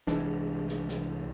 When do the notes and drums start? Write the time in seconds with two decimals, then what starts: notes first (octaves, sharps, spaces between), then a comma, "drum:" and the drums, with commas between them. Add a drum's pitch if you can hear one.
0.07 C2 E3 G#3 D4, drum: snare
0.69 drum: snare
0.89 drum: snare